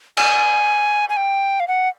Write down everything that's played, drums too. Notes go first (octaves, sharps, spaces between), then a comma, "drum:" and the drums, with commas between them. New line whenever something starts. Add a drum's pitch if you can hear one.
G#5, drum: cymbal
G#5
G5
F5
F#5